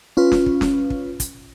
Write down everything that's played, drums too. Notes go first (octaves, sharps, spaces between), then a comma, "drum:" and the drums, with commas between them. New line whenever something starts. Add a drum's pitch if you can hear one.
C#4 F4 B4
drum: snare
drum: kick
drum: snare
drum: kick
drum: kick, hi-hat